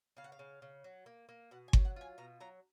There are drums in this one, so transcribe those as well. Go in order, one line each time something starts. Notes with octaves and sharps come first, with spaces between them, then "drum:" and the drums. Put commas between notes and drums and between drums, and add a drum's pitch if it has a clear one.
C#3 F5
F#5
F5
C#3
C#3
F#3
A#3
A#3
B2 F#5
G#5
F#3, drum: kick G1
F#5
F4 G#5
B2 A#5
F#3 A#5